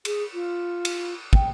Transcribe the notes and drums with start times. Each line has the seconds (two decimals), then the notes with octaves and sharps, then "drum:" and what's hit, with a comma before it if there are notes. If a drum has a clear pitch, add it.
0.05 G#4, drum: cymbal
0.33 F4
0.85 drum: cymbal
1.33 G5, drum: kick